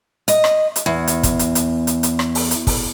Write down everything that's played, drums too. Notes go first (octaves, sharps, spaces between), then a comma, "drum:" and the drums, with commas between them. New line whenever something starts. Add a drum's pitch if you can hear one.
D#5, drum: hi-hat
drum: rim click
drum: hi-hat
E2
drum: hi-hat
drum: kick, hi-hat
drum: hi-hat
drum: hi-hat
drum: hi-hat
drum: hi-hat
drum: rim click
drum: open hi-hat
drum: hi-hat
drum: kick, open hi-hat